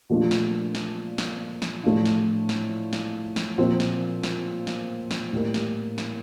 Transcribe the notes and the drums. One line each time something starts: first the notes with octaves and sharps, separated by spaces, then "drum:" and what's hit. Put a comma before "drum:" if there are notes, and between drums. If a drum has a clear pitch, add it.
A#2 F3 A3 D4 F4
drum: snare
drum: snare
drum: snare
drum: snare
A2 F3 A3 D4 F4
drum: snare
drum: snare
drum: snare
drum: snare
A#2 F3 C4 F4
drum: snare
drum: snare
drum: snare
drum: snare
A2 G3 A#3
drum: snare
drum: snare